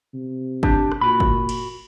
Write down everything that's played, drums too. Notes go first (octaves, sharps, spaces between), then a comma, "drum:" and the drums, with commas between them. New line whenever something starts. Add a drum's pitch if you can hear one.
C3
D4 G4, drum: kick
drum: rim click
A#2 F#4 B5
drum: kick
drum: cymbal